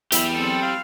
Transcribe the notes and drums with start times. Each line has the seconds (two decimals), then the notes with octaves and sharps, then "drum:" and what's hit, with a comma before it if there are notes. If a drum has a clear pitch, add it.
0.12 E2 G4 E5 B5, drum: hi-hat
0.34 C4 A4
0.62 F5